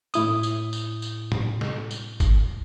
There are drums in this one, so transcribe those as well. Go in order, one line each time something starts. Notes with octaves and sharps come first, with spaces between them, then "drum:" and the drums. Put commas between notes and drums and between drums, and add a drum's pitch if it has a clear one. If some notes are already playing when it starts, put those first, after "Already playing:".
A2 E4 D#6, drum: tambourine
drum: tambourine
drum: tambourine
drum: tambourine
drum: tom A2
drum: snare
drum: tambourine
drum: kick G1, tambourine